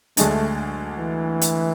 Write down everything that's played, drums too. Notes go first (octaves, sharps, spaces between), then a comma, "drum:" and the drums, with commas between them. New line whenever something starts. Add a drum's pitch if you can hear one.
D2 D3 G#3 A3 D4, drum: hi-hat
E3
drum: hi-hat